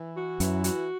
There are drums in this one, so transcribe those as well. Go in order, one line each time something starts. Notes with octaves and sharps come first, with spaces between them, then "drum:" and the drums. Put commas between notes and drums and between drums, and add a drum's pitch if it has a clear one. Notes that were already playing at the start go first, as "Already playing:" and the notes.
Already playing: E3
F#4
F#2 E3, drum: hi-hat
F#4, drum: hi-hat